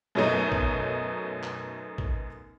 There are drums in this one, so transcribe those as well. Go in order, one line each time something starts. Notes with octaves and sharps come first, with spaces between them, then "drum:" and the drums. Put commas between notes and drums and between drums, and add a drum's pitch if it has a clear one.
F#2 B2 F#3 A3 D#4
drum: kick
drum: clap
drum: kick